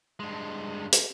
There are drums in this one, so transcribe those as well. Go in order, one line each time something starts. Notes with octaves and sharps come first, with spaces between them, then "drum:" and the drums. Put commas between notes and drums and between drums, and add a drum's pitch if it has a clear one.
G2 G#3
drum: hi-hat